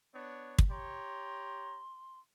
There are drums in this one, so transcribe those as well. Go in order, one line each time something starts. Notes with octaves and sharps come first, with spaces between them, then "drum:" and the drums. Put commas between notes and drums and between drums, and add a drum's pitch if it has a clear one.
B3 D4 C#5
drum: kick
G4 C#5 A#5 C6